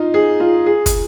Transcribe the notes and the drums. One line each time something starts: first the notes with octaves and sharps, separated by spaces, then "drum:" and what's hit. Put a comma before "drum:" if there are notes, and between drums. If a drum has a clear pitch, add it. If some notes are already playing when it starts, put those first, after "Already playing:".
Already playing: D#4 F4
G#4
F4
G#4
drum: kick, hi-hat